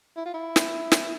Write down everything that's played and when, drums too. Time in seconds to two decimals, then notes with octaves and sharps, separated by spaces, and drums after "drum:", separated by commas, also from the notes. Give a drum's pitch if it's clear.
0.17 E4
0.26 F4
0.34 E4
0.56 drum: snare
0.92 drum: snare